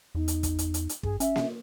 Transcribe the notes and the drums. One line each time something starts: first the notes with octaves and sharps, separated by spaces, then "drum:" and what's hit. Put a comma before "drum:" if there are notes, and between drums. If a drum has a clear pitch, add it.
E2 D#4
drum: hi-hat
drum: kick, hi-hat
drum: hi-hat
drum: hi-hat
drum: hi-hat
G2 G#4, drum: kick
C#4 E5, drum: hi-hat
drum: snare A#3